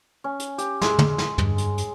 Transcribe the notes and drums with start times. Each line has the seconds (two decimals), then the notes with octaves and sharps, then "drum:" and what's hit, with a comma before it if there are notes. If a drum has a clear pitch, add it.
0.24 C#4
0.39 drum: hi-hat
0.58 G4, drum: hi-hat
0.81 G#3 E6, drum: snare
0.99 drum: tom
1.18 drum: snare
1.38 G2, drum: tom
1.58 drum: hi-hat
1.78 drum: hi-hat